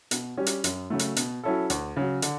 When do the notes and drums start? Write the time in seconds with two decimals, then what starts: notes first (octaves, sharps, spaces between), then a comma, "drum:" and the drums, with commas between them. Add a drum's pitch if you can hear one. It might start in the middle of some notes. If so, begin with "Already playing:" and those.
0.11 B2, drum: hi-hat
0.37 G3 C#4 G4
0.46 drum: hi-hat
0.64 F#2, drum: hi-hat
0.90 C#3 F#3 A3
0.99 drum: hi-hat
1.16 B2, drum: hi-hat
1.43 F#3 C#4 E4 A4
1.70 D2, drum: hi-hat
1.96 C#3 F#3
2.22 D3, drum: hi-hat